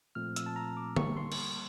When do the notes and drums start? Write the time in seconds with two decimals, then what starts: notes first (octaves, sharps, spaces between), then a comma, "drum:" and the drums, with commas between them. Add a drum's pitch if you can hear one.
0.15 A#2 F3 A3 C4 F6
0.36 E6, drum: hi-hat
0.46 A5
0.56 A#5
0.77 D6
0.96 D3 G3 A#3 C#6, drum: tom
1.17 C6
1.32 drum: cymbal